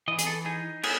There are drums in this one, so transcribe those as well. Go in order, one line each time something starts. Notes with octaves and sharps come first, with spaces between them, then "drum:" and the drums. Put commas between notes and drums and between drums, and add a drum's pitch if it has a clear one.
E3 D#5
G#4, drum: hi-hat
A4
D#4 G#4
B3 G#4, drum: cymbal